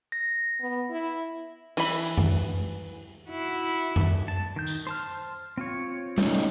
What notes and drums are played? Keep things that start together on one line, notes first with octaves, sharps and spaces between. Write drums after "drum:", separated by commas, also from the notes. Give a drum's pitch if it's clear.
A#6
B3
E4
E3 B5, drum: open hi-hat
drum: tom F#2
E4 F#4
drum: tom F#2
A5
D#3 G6
drum: tambourine
C5 A5 F6
C4 F4 C#5
A3 C#4 D#4, drum: tom G3